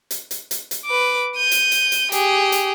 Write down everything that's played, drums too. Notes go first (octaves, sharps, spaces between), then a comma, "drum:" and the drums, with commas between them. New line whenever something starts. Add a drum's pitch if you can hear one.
drum: hi-hat
drum: hi-hat
drum: hi-hat
drum: hi-hat
B4 D6
G6 D#7
drum: hi-hat
drum: hi-hat
drum: hi-hat
G4 G#4, drum: hi-hat
drum: hi-hat